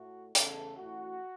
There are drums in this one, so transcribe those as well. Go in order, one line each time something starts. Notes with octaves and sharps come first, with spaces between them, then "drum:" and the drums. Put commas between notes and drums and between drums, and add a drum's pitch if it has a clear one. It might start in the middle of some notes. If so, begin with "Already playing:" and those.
Already playing: A2 A3 F#4
E2 C#3 A3 A4, drum: hi-hat
A1 A2 A3 F#4